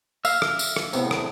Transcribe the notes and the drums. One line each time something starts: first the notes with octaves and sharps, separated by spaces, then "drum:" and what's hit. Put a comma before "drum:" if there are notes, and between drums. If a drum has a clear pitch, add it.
E5 F5 F6, drum: tambourine
drum: rim click
drum: tambourine
drum: rim click
E2 A2 C3 B3, drum: tambourine
drum: rim click